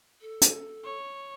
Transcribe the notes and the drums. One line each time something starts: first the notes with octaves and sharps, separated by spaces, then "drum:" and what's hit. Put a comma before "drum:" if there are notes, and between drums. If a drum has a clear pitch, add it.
A4
drum: hi-hat
C#5